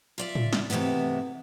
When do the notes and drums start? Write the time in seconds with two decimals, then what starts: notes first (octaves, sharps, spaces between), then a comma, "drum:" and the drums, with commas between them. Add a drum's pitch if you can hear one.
0.18 F4 D5 E5
0.35 drum: tom A2
0.53 drum: snare
0.70 G#2 C3 D#3 E3 A3 B3